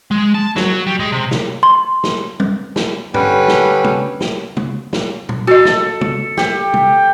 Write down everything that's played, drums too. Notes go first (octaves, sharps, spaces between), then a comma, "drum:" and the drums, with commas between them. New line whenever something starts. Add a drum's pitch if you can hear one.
G#3
A5
F#3, drum: snare
G3
G#3
C3
drum: snare
C6
drum: snare
drum: tom
drum: snare
D3 G3 C#4 B4, drum: tom
drum: snare
drum: tom
drum: snare
drum: tom
drum: snare
drum: tom
F#4 A4 D#5
drum: snare
drum: tom
G4, drum: snare
drum: tom